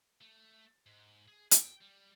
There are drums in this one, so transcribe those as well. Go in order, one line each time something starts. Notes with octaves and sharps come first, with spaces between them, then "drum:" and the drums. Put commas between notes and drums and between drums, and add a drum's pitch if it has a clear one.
A3
G#2
G#4
G5, drum: hi-hat
G3